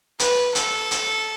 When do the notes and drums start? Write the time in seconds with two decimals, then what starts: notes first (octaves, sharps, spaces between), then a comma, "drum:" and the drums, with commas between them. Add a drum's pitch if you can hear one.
0.19 B4, drum: hi-hat
0.55 A4, drum: hi-hat
0.91 drum: hi-hat